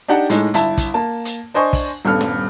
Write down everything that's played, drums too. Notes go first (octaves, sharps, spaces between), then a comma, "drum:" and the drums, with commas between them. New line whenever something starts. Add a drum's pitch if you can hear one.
D4 D#4 G4 F#5 A5
A2 G#3 D#4, drum: hi-hat
G1 E4 E5 A5, drum: hi-hat
drum: kick, hi-hat
A#3 A5
drum: hi-hat
D4 C5 D#5 G#5 C#6
drum: kick, open hi-hat
D#1 G2 B3 A4 F6
drum: snare